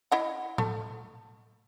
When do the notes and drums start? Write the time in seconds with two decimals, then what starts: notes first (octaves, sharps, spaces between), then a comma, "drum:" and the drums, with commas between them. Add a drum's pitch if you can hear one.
0.12 E4 D#5 F#5
0.58 A3, drum: tom A2